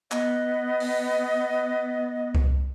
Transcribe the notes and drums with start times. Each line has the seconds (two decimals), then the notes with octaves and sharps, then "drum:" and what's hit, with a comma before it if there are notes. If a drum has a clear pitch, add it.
0.11 B3 D#5, drum: clap
0.80 drum: open hi-hat
2.35 drum: kick C2